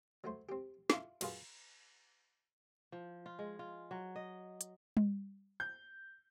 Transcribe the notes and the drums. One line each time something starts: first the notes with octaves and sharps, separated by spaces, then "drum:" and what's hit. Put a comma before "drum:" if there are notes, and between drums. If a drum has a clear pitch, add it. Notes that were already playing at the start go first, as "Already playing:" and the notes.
F#3 A3 C5
C4 G4
E4 F4 A4, drum: snare
F#2 F#3 F4 G#4 B4, drum: cymbal
F3
F4
G#3
F4
F#3
D#5
drum: hi-hat
drum: tom G3
G6